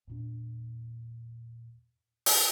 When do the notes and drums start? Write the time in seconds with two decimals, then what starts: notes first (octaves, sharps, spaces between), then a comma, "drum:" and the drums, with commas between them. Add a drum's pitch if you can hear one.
0.07 E2 A#2 D4
2.26 drum: open hi-hat